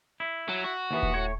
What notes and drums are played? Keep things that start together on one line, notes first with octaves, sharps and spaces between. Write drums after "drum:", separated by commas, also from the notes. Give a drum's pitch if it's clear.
E4
F#3
F#4
D#2 E3 B3
drum: kick D#1
A2 C#5